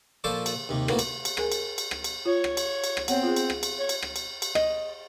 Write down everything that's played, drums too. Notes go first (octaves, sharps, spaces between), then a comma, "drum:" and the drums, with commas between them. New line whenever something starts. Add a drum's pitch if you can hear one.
A#2 F3 A4 C5 C#6 D6
drum: cymbal
D#2 C3
A2 A#3 B3 F#4, drum: rim click
drum: cymbal
drum: cymbal
G#4 A#4 G#5, drum: rim click
drum: cymbal
drum: cymbal
drum: rim click
drum: cymbal
F4 C#5
drum: rim click
drum: cymbal
drum: cymbal
drum: rim click
B3 C4 C#5 F#5, drum: cymbal
F4 G#4
drum: cymbal
drum: rim click
drum: cymbal
C#5
drum: cymbal
drum: rim click
drum: cymbal
drum: cymbal
D#5, drum: rim click